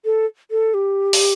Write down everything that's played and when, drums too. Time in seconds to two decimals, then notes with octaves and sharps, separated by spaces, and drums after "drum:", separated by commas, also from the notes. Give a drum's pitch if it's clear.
0.05 A4
0.51 A4
0.74 G4
1.13 drum: open hi-hat